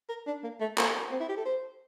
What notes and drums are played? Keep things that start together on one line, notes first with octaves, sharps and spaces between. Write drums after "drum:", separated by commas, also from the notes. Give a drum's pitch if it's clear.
A#4
D4
A#3
A3
A#3, drum: clap
C4
E4
G4
A4
C5